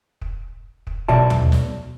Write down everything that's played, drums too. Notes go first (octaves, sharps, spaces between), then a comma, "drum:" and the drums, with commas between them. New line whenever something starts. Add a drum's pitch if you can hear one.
drum: kick
drum: kick
B1 B2 D5 E5 A5, drum: kick
drum: tom D#2
drum: snare